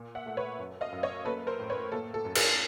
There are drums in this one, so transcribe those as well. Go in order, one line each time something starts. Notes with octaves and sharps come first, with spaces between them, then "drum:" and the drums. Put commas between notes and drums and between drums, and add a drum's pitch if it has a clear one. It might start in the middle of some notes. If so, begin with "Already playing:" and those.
Already playing: A#2
E5 F#5
A3
B4 C#5
F#2
D#5 F5
F#2
C#5 D#5
A#3 A4 B4
A#4 C5
A2
B4 C#5
A#3 A4
A4
F#2
G#4 A#4, drum: cymbal